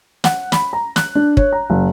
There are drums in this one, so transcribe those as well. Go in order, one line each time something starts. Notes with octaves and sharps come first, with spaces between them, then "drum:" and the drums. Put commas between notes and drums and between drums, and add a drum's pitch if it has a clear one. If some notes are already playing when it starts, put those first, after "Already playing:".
F#5, drum: snare
B5, drum: snare
A#5
F#6, drum: snare
D4
C#5, drum: kick
A#5
F#1